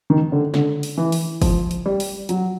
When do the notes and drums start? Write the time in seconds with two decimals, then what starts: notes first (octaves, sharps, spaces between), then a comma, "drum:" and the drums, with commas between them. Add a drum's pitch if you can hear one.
0.10 D#3
0.32 D3
0.54 D3, drum: snare
0.83 drum: open hi-hat
0.98 E3
1.12 drum: open hi-hat
1.42 F3, drum: kick, open hi-hat
1.71 drum: hi-hat
1.86 G3
2.00 drum: open hi-hat
2.29 F#3, drum: hi-hat